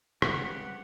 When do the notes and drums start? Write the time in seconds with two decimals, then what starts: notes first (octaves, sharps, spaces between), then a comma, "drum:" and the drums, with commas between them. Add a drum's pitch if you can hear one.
0.22 G2 C#3 G#3 C4 G4 F#5, drum: rim click